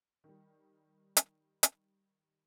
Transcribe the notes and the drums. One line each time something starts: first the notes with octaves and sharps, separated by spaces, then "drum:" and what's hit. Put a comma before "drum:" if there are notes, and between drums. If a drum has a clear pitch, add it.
D#3 G3
drum: hi-hat
drum: hi-hat